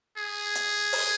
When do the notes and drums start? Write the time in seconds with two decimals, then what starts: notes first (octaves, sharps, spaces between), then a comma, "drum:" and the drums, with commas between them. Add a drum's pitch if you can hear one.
0.18 G#4
0.55 drum: hi-hat
0.93 drum: open hi-hat